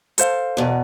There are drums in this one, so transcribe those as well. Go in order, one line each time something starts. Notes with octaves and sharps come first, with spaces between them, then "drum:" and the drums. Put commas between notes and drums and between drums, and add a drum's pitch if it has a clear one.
A4 C5 F5, drum: hi-hat
E2 B2